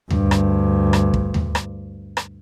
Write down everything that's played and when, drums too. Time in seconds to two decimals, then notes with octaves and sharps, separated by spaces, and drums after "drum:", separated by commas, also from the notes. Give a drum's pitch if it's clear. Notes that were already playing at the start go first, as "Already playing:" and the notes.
0.10 D2 G2, drum: tom D#2
0.31 drum: rim click
0.93 drum: rim click
1.14 drum: kick
1.34 drum: tom D#2
1.55 drum: rim click
2.17 drum: rim click